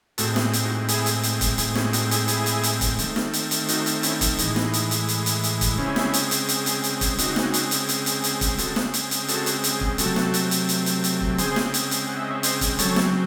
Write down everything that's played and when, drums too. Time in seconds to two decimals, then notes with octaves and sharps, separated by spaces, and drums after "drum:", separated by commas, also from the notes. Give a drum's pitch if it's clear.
0.18 A2 G#3 C4 F#4 A4, drum: hi-hat
0.36 drum: snare
0.53 drum: hi-hat
0.65 D#4 F#4
0.88 E4 G#4, drum: hi-hat
1.06 drum: hi-hat
1.23 drum: hi-hat
1.41 drum: kick, hi-hat
1.58 A2 G#3 C4 E4 G#4, drum: hi-hat
1.75 C#4 E4, drum: snare
1.93 D#4 F#4, drum: hi-hat
2.11 E4 G#4, drum: hi-hat
2.28 E4 G#4, drum: hi-hat
2.46 drum: hi-hat
2.63 drum: hi-hat
2.81 drum: kick, hi-hat
2.99 D#3 A3 C4, drum: hi-hat
3.16 drum: snare
3.33 drum: hi-hat
3.51 drum: hi-hat
3.68 D#4 F#4, drum: hi-hat
3.86 drum: hi-hat
4.03 C#4 E4, drum: hi-hat
4.21 drum: kick, hi-hat
4.38 A2 E3 G#3 D#4, drum: hi-hat
4.56 drum: snare
4.73 drum: hi-hat
4.91 drum: hi-hat
5.08 drum: hi-hat
5.26 drum: hi-hat
5.44 drum: hi-hat
5.61 drum: kick, hi-hat
5.78 C#3 G#3 C4 C#4 E4
5.96 drum: snare
6.14 drum: hi-hat
6.31 drum: hi-hat
6.49 drum: hi-hat
6.66 drum: hi-hat
6.84 drum: hi-hat
7.01 drum: kick, hi-hat
7.18 C#3 G#3 C4 D#4 F#4, drum: hi-hat
7.36 drum: snare
7.54 drum: hi-hat
7.71 drum: hi-hat
7.89 drum: hi-hat
8.06 drum: hi-hat
8.24 drum: hi-hat
8.41 drum: kick, hi-hat
8.58 C#3 G#3 C4 F#4 A4, drum: hi-hat
8.76 drum: snare
8.94 drum: hi-hat
9.11 drum: hi-hat
9.28 F#4 A4, drum: hi-hat
9.46 drum: hi-hat
9.64 drum: hi-hat
9.81 drum: kick
9.98 C3 F#3 A3 C4 F#4 A4, drum: hi-hat
10.16 drum: snare
10.34 drum: hi-hat
10.51 drum: hi-hat
10.69 drum: hi-hat
10.86 drum: hi-hat
11.04 drum: hi-hat
11.21 drum: kick
11.38 C#3 G#3 C4 G#4 C5, drum: hi-hat
11.56 drum: snare
11.74 drum: hi-hat
11.91 drum: hi-hat
12.09 F#5
12.16 E5
12.24 D#5
12.31 C#5 E5
12.43 C5 D#5, drum: hi-hat
12.61 drum: kick, hi-hat
12.79 C#3 F#3 C4 A4 C#5, drum: hi-hat
12.96 drum: snare